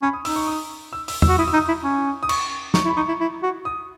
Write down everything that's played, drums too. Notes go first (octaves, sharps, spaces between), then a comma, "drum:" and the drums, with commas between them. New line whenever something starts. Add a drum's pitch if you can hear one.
C#4 B5
D#6
D#4 E6, drum: open hi-hat
C#6
D#6
E6
E6, drum: open hi-hat
E6, drum: tom E2
F#4
E4 D#6
E6
D#4
D#6
E4
C#4
D#6
C#6, drum: cymbal
D#4 C#6, drum: snare
E4
B5
D#4 C#6
E4
E4
F#4
D#6